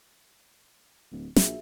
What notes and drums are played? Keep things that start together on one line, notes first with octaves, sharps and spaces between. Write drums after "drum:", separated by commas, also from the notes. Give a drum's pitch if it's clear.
D1
A#1 F#4 G#4 E5, drum: snare